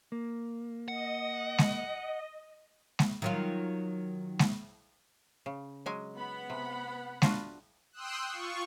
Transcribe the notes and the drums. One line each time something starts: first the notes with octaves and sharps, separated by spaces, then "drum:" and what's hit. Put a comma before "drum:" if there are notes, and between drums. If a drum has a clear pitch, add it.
A#3
D#5 F#5
drum: snare G#3
drum: snare G#3
D#3 F#3 F4
drum: snare G#3
C#3
F#3 G#3 G#5
B3 F#5 B5
C3
D4 F4 F#4, drum: snare G#3
G5 C6 D#6 E6 F#6
F4 C#6